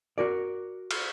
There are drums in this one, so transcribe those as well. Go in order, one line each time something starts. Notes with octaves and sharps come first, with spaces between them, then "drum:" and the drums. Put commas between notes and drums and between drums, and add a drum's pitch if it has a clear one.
F#4 A#4 D5
drum: cymbal